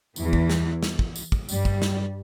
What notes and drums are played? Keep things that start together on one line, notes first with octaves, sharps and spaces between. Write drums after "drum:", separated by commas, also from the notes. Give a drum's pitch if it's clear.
E2 E3, drum: tambourine
drum: kick
drum: snare
drum: snare
drum: kick
drum: tambourine
drum: kick
G2 G3, drum: tambourine
drum: kick
drum: snare